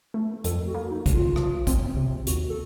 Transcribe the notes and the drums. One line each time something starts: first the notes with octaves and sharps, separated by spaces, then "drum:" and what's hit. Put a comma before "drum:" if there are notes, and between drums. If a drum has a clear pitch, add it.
A3
F2 A4, drum: hi-hat
F#4
A#3
D#4
C#3, drum: kick, hi-hat
F4
C2, drum: rim click
C4, drum: kick, hi-hat
C3
D#2 F#4, drum: hi-hat
A4